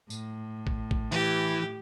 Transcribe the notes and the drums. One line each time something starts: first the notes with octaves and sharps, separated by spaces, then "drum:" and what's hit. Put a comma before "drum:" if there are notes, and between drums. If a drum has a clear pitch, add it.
A2, drum: tambourine
drum: kick
drum: kick
E3 G4, drum: open hi-hat